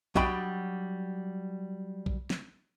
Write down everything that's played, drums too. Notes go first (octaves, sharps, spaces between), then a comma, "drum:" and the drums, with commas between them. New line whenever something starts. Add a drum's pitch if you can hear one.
F#3 G3 D4 D#5 G5 B5, drum: kick
drum: kick
drum: snare